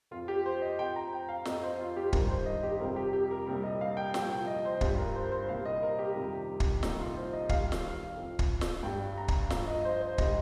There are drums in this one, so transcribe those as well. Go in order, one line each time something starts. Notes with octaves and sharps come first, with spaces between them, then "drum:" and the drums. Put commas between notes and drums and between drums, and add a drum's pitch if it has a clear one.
F2 F3 F4
G4
C5
D#5
F2 F3 G5
A#5
G5
F5
F2 F3 D#5, drum: snare
C5
F4
G4
G2 D#3 G3 A#4, drum: kick
C5
D#5
G4
F2 C3 G3 A#4
G4
G4
A#4
C2 A#2 G3 A#4
D#5
F5
G5
C2 A#2 F3 G5, drum: snare
G5
D#5
C5
G2 G3 F4, drum: kick
A#4
C5
A#4
C5
C2 A#2 G3 F5
D#5
A#4
G4
F2 C3 D#3 G3
drum: kick
C2 A#2 F3 D#4, drum: snare
F4
C5
D#5
D#2 D#3 G3 F5, drum: kick
drum: snare
F2 F3
drum: kick
drum: snare
G2 G3 G5
A#5
drum: kick
G2 F3 F5, drum: snare
D#5
C5
C5
D#3 G3 D#5, drum: kick